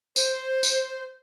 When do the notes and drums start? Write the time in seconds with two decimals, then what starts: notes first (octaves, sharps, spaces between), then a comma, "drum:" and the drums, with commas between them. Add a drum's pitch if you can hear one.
0.16 C5, drum: tambourine
0.63 drum: tambourine